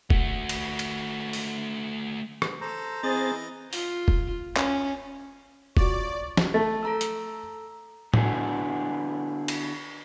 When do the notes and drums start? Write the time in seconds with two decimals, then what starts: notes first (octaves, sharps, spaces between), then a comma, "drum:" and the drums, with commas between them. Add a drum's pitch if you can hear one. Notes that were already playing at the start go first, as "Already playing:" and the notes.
0.10 A3 F#4, drum: kick E1
0.49 drum: cymbal
0.79 drum: cymbal
1.33 drum: open hi-hat
2.42 drum: rim click
2.61 A4 C5 A#5
3.03 E3 C4 G#4 D#5 A6
3.73 F4, drum: open hi-hat
4.08 drum: kick E1
4.57 C#4, drum: clap
5.77 F4 F#4 C#5 D5, drum: kick E1
6.37 drum: snare
6.54 A3 A5 A6
6.83 A4 A#5 E6
7.01 drum: hi-hat
8.14 D3 B3 D4 E4 F#4 G#4, drum: tom A2
9.48 drum: cymbal